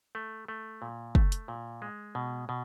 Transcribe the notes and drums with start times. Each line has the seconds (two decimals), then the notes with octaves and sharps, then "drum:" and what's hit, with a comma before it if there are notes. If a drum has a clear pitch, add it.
0.15 A3
0.48 A3
0.82 A#2
1.15 A3, drum: kick
1.32 drum: hi-hat
1.48 A#2
1.82 G#3
2.15 B2
2.49 B2